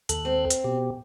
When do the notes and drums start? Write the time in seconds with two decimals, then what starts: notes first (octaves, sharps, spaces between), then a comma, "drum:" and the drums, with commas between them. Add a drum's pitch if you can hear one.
0.09 D#2 A4 F#6, drum: hi-hat
0.25 C4
0.50 drum: hi-hat
0.64 B2 G4